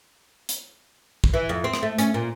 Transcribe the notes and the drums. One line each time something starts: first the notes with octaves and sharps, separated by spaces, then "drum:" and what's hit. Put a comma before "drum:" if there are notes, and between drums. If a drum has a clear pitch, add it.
drum: hi-hat
drum: kick
E3
F2
C4
drum: rim click
A3
C#4, drum: hi-hat
A#2